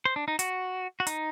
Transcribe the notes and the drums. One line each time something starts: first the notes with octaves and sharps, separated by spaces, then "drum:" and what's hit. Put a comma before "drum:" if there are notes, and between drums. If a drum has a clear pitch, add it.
C5
D4
D#4
F#4, drum: hi-hat
F#4
D#4, drum: hi-hat